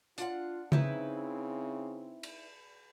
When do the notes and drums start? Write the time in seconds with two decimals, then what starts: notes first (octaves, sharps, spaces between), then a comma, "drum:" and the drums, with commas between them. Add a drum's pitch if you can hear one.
0.18 D4 F4 F#5, drum: hi-hat
0.72 C#3 C4 D#4 E4 B4, drum: tom C#3
2.23 drum: cymbal